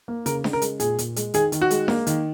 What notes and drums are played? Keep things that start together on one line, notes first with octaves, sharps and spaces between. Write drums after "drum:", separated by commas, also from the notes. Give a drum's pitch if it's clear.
A#3
C#3 A#4, drum: hi-hat
C#3, drum: snare D4
A#4
G#3, drum: hi-hat
A#2 G#4, drum: hi-hat
A#2, drum: hi-hat
G#3, drum: hi-hat
D#3 G#4, drum: hi-hat
D#3, drum: hi-hat
F#4
G#3, drum: hi-hat
A#3, drum: snare D4
D#3, drum: hi-hat